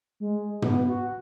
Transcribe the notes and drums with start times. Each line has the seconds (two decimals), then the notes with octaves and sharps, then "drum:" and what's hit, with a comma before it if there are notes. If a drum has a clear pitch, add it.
0.20 G#3
0.62 B3, drum: tom
0.88 F#4